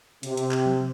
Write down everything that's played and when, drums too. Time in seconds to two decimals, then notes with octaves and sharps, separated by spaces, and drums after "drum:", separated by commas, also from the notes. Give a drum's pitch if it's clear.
0.23 C3, drum: hi-hat
0.37 drum: hi-hat
0.52 drum: clap
0.66 drum: tom F3